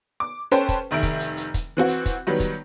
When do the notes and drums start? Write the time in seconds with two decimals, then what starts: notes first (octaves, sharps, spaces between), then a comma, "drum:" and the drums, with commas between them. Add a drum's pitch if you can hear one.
0.20 D6
0.51 C#4 A4 B4 C5 G5 A5, drum: hi-hat
0.69 drum: kick, hi-hat
0.91 F1 D#3 E5 D7
1.03 drum: kick, hi-hat
1.20 drum: hi-hat
1.37 drum: hi-hat
1.54 drum: kick, hi-hat
1.77 E3 C4 F#4
1.88 drum: hi-hat
2.06 drum: kick, hi-hat
2.27 D#3 F#3 G3 B3
2.40 drum: kick, hi-hat